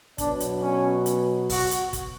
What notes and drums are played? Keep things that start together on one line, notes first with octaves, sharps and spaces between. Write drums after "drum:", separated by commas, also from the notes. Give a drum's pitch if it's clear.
B2 F#3 B3 D4, drum: kick, hi-hat
drum: hi-hat
C#4
drum: hi-hat
F#4, drum: kick, open hi-hat
drum: hi-hat
drum: kick, hi-hat